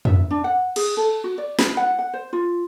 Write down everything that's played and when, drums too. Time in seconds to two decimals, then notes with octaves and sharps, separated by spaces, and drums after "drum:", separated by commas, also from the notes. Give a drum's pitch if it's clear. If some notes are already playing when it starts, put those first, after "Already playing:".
0.05 E5, drum: tom F2
0.31 D4
0.44 F#5
0.76 G#4, drum: cymbal
0.97 A4
1.24 F#4
1.38 D5
1.59 B5, drum: snare
1.77 F#5
1.99 F#5
2.14 C5
2.33 F4